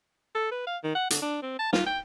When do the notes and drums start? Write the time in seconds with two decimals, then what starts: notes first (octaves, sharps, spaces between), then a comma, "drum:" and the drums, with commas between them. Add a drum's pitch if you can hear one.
0.35 A4
0.51 B4
0.67 F5
0.84 D#3
0.95 F#5
1.10 D3, drum: hi-hat
1.22 D4
1.42 C4
1.59 A5
1.73 F4, drum: snare
1.87 G5